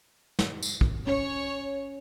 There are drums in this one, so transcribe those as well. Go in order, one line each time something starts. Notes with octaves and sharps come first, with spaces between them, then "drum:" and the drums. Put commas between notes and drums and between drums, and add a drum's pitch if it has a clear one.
drum: snare
drum: tambourine
drum: kick
C#4 C#5